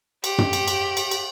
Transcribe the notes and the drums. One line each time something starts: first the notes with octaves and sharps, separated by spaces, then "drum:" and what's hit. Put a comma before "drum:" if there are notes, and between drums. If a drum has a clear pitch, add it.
G4, drum: cymbal
drum: tom
drum: cymbal
drum: cymbal
drum: cymbal
drum: cymbal